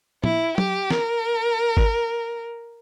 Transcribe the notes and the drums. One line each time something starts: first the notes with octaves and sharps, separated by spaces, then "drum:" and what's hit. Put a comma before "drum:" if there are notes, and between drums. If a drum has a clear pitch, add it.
E4, drum: tom
G4, drum: tom
A#4, drum: snare
drum: kick G#1